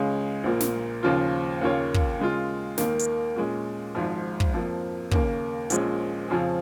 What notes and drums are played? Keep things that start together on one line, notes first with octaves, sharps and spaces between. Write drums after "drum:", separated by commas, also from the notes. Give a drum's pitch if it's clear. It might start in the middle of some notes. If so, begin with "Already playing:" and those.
Already playing: C#2 C#3 G#3 C#4
A#1 A#2 A#3
drum: snare
D#2 C#3 F3 A#3 F4
D#2 C#3 A#3 F4 C#5
drum: kick
C#3 G#3 F4
D#2 D#3 A#3, drum: snare
drum: hi-hat
A#2 G#3 C#4
G#1 G#2 F3
drum: kick
F2 F3 A#3
D#2 C#3 A#3, drum: kick
A#1 A#2 F3 G#3 C#4, drum: hi-hat
F2 C#3 F3 C#4 G#4